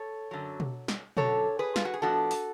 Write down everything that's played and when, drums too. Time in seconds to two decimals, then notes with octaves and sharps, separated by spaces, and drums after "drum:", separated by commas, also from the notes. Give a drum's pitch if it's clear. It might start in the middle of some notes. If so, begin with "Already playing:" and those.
Already playing: A4 C#5
0.31 F#2 D3 F#3
0.60 drum: tom B2
0.88 drum: snare
1.17 F#2 D3 F#3 A4 C#5, drum: tom B2
1.59 G#4 B4
1.76 F4, drum: snare
1.85 F#4
1.94 G#4
2.02 A2 F3 B3 D4 F#4 A4
2.31 drum: open hi-hat